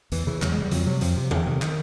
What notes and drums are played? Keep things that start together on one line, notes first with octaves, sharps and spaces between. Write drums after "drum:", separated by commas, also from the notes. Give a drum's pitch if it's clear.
E2 E3, drum: hi-hat
C#3 E3
E2 F#3, drum: clap
G#3
C#3 G3
F2 F#3, drum: hi-hat
C3 F#3
F2 F3, drum: hi-hat
C3
E2 D3, drum: tom E3
C3 D#3
D#3, drum: clap